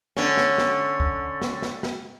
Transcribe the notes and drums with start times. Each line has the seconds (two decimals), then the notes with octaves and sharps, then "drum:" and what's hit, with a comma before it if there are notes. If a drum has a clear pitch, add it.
0.17 D3 C#4, drum: snare
0.37 drum: snare
0.58 drum: snare
1.00 drum: kick C#2
1.42 drum: snare
1.62 drum: snare
1.83 drum: snare